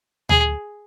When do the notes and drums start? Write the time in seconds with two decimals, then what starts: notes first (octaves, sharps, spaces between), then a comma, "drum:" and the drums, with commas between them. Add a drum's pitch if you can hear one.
0.29 G#4, drum: tom D2